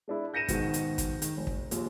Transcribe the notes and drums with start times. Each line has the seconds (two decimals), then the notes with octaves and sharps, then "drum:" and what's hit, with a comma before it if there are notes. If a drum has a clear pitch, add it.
0.08 G#3 D4 E4
0.34 G6 A#6 C#7 D#7 E7
0.48 G#2 B2 D#3, drum: kick, hi-hat
0.74 drum: hi-hat
0.98 drum: kick, hi-hat
1.22 D#3, drum: hi-hat
1.37 F1
1.47 drum: kick
1.71 A#1 D#2, drum: hi-hat